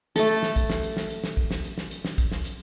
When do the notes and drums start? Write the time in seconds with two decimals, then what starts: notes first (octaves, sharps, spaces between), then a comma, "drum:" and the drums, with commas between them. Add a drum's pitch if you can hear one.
0.16 A3 A4, drum: snare
0.43 drum: snare
0.56 drum: kick, hi-hat
0.70 drum: snare
0.83 drum: hi-hat
0.97 drum: snare
1.10 drum: hi-hat
1.24 drum: snare
1.37 drum: kick
1.51 drum: snare
1.64 drum: hi-hat
1.78 drum: snare
1.91 drum: hi-hat
2.05 drum: snare
2.18 drum: kick, hi-hat
2.32 drum: snare
2.45 drum: hi-hat